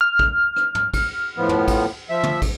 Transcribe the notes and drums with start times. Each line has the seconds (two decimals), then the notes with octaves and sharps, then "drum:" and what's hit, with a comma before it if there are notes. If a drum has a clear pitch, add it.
0.01 F6
0.19 drum: kick
0.56 drum: rim click
0.75 drum: tom
0.94 drum: kick, cymbal
1.38 A2 F3 B3
1.49 drum: tom
1.68 drum: kick, cymbal
2.10 F3 E5
2.23 drum: tom
2.42 drum: kick, cymbal